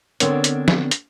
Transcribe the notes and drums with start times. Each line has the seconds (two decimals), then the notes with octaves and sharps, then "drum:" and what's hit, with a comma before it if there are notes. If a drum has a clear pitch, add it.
0.20 D3 B3 C4 D4 A#4 C#5, drum: hi-hat
0.44 drum: hi-hat
0.68 drum: snare
0.91 drum: hi-hat